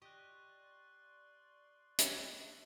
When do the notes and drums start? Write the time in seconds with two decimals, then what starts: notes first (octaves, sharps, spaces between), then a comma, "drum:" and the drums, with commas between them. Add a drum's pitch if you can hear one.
0.02 G4 D5 D#5 C6 C#6 F#6
1.98 drum: hi-hat